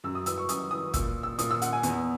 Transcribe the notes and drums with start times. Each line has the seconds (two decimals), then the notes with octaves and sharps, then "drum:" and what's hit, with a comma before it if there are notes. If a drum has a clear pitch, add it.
0.04 F#2 E6
0.15 D#6
0.26 E3 E6, drum: hi-hat
0.38 C#6
0.49 F#2 D#6, drum: hi-hat
0.71 E3 D#6
0.94 A#2 E6, drum: kick, hi-hat
1.23 E6
1.39 A#2 D#6, drum: hi-hat
1.51 E6
1.62 F#5, drum: hi-hat
1.73 G#5
1.83 E2, drum: hi-hat